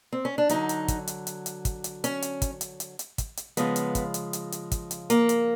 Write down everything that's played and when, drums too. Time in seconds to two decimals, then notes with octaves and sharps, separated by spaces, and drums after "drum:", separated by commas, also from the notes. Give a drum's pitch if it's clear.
0.13 C4
0.25 C#4
0.38 D4
0.49 D3 F#3 D#4, drum: hi-hat
0.69 drum: hi-hat
0.88 drum: kick, hi-hat
1.07 drum: hi-hat
1.27 drum: hi-hat
1.46 drum: hi-hat
1.65 drum: kick, hi-hat
1.84 drum: hi-hat
2.04 C#4, drum: hi-hat
2.22 drum: hi-hat
2.42 drum: kick, hi-hat
2.61 drum: hi-hat
2.80 drum: hi-hat
2.99 drum: hi-hat
3.18 drum: kick, hi-hat
3.37 drum: hi-hat
3.57 C#3 F3 G#3 B3, drum: hi-hat
3.76 drum: hi-hat
3.95 drum: kick, hi-hat
4.14 drum: hi-hat
4.33 drum: hi-hat
4.52 drum: hi-hat
4.72 drum: kick, hi-hat
4.91 drum: hi-hat
5.10 A#3, drum: hi-hat
5.29 drum: hi-hat